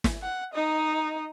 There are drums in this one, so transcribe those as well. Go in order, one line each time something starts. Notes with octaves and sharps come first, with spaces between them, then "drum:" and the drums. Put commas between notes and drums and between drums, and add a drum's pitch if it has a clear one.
drum: snare
F#5
D#4 D#5